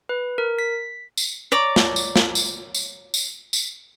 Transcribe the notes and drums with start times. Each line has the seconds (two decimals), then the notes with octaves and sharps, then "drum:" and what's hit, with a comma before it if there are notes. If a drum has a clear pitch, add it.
0.09 B4
0.38 A#4
0.59 B6
1.17 drum: tambourine
1.52 C#5 D5 A#5 D6
1.76 drum: snare
1.96 drum: tambourine
2.16 drum: snare
2.35 drum: tambourine
2.74 drum: tambourine
3.14 drum: tambourine
3.53 drum: tambourine